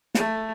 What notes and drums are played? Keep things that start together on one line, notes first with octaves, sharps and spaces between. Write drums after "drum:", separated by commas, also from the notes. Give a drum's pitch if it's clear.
A3, drum: snare